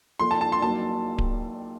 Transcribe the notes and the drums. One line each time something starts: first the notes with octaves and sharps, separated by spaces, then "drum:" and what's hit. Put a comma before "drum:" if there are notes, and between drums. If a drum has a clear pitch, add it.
F3 A#3 F4 A4 C6
A5
A5
C6
F#3 A#3 D#4 A5
drum: kick D1